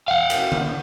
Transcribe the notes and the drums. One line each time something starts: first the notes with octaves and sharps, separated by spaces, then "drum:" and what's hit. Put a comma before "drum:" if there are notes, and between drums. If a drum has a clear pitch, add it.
F5 F#5
drum: cymbal
drum: tom D3